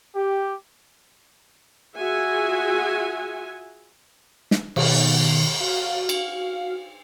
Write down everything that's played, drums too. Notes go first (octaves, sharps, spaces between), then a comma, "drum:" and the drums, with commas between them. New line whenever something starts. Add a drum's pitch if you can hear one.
G4
F4 F#4 G#4 E5 F#5 G#5
drum: snare
B2 D#3, drum: cymbal
F#4 F5
drum: cymbal